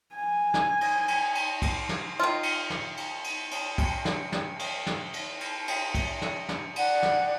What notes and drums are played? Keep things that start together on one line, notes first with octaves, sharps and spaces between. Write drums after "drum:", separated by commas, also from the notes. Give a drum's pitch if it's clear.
G#5
drum: snare
drum: cymbal
drum: cymbal
drum: cymbal
drum: kick, cymbal
drum: snare
D#3 F4
drum: cymbal
drum: snare
drum: cymbal
drum: cymbal
drum: cymbal
drum: kick, cymbal
drum: snare
drum: snare
drum: cymbal
drum: snare
drum: cymbal
drum: cymbal
drum: cymbal
drum: kick, cymbal
drum: snare
drum: snare
D5 F#5, drum: cymbal
drum: snare